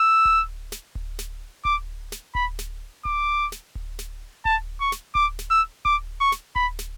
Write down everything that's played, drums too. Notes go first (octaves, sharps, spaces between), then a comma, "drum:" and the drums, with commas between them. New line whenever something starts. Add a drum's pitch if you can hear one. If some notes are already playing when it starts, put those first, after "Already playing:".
Already playing: E6
drum: kick D1
drum: snare
drum: kick D1
drum: snare
D6, drum: kick D1
drum: snare
B5, drum: kick D1
drum: snare
D6, drum: kick D1
drum: snare
drum: kick D1
drum: snare
A5, drum: kick D1
C#6
drum: snare
D6, drum: kick D1
drum: snare
E6
D6, drum: kick D1
C#6
drum: snare
B5, drum: kick D1
drum: snare